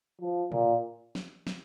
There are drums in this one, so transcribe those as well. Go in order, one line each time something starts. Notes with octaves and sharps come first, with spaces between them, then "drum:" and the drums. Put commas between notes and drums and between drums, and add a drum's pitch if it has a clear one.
F3
A#2, drum: tom
drum: snare
drum: snare